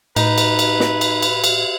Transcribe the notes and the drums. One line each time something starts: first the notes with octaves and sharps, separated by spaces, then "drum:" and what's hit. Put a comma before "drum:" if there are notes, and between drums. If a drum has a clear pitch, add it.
A2 D#4 B4, drum: cymbal
drum: cymbal
drum: cymbal
drum: snare
drum: cymbal
drum: cymbal
drum: cymbal